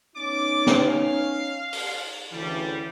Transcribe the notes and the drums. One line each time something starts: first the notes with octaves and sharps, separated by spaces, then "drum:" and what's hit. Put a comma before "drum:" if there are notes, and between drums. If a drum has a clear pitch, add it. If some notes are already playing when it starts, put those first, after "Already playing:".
B3 C#4 D#4 D5 D6
drum: snare
F5
drum: open hi-hat
D2 C#3 E3 G3